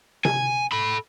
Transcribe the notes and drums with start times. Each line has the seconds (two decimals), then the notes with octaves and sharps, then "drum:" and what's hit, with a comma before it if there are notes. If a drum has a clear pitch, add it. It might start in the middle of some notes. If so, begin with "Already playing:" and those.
0.25 G#5, drum: tom C3
0.72 A4 B5